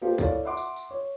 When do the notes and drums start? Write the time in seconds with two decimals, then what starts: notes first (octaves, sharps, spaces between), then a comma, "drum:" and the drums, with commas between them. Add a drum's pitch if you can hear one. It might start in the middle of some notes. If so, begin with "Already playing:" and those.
0.02 A#3 B3 F4 G4 A4 C5
0.18 E4 A4 C#5 D5 F5, drum: kick C2, tambourine
0.45 E5 F#5 C6 D6
0.57 drum: tambourine
0.76 drum: tambourine
0.91 C#5